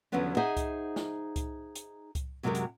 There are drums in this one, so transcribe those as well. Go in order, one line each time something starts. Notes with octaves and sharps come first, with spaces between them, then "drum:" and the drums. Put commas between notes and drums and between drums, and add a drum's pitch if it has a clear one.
E2 D3 F3 F#3 B3 C#4
D#4 G#4 C5 D#5 E5 F#5
drum: kick C2, hi-hat
drum: snare
drum: kick C2, hi-hat
drum: hi-hat
drum: kick C2, hi-hat
F#2 C3 F#3 G#3 G4 A#4
drum: hi-hat